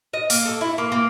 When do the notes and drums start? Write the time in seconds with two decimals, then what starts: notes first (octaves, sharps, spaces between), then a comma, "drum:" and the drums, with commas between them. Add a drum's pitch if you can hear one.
0.13 D#5
0.30 A#3, drum: open hi-hat
0.46 A4
0.61 E4
0.78 A#3
0.92 A#3